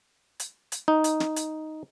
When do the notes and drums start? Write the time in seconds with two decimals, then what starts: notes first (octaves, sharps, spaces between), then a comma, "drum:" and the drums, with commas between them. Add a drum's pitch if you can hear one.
0.40 drum: hi-hat
0.72 drum: hi-hat
0.88 D#4
1.04 drum: hi-hat
1.20 drum: snare
1.36 drum: hi-hat